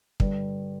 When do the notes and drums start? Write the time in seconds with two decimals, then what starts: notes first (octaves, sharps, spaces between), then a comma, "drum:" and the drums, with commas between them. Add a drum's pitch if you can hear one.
0.20 G2 D3 G3, drum: kick